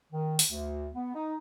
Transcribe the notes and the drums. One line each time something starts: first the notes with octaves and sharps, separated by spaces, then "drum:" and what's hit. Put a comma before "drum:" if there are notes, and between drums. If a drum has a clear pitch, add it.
D#3
drum: open hi-hat
D2
B3
D#4